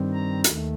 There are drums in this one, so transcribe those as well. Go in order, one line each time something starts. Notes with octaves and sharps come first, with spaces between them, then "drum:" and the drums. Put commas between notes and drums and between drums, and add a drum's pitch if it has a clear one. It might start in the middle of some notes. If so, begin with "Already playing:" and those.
Already playing: G2 D#3 G3 C4
A#5
D#2 D#3 A3, drum: hi-hat